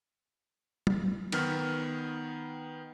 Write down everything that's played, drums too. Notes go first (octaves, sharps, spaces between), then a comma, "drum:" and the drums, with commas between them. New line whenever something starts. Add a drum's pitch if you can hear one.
drum: tom
D#3 B3 F6, drum: cymbal